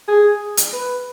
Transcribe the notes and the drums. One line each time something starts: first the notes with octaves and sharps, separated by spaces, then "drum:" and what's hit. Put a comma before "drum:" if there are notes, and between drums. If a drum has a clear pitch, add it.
G#4
drum: hi-hat
B4